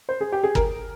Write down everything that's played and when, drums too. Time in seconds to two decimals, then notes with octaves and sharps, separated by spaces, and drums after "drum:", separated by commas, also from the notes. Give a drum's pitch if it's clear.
0.09 C5
0.21 G#4
0.32 G4
0.43 G#4
0.55 A#4, drum: kick